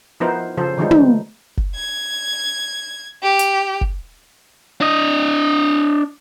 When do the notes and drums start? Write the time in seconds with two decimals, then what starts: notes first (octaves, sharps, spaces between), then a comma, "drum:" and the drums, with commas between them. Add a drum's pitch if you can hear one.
0.20 F3 B3 D#4 E4 A#4 C5
0.57 C#3 F3 A4 C5
0.78 D3 E3 F3 G3 G#3 D#4
0.91 drum: tom
1.57 drum: kick F#1
1.75 G#6
3.23 G4
3.39 drum: hi-hat
3.81 drum: kick F#1
4.80 D4 D#5